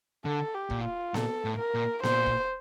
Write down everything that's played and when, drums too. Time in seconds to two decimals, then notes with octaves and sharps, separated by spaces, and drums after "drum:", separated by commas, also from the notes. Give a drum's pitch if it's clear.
0.25 D3 A4
0.55 G4
0.70 A#2, drum: kick
0.84 F4
1.14 A#2 A4, drum: snare B3
1.45 A2
1.59 A#4
1.74 A#2
2.03 A#2 C5, drum: snare B3
2.26 drum: kick